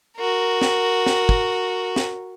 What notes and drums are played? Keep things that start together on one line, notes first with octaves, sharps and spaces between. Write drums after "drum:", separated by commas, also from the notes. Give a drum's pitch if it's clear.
F#4 A#4
drum: snare
drum: snare
drum: kick
drum: snare